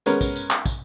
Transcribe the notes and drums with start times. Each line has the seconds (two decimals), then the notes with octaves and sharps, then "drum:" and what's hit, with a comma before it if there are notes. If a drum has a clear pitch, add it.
0.06 G#3 B3 C#4 A#4, drum: tambourine
0.21 drum: kick, tambourine
0.36 drum: tambourine
0.51 drum: clap
0.66 drum: kick, tambourine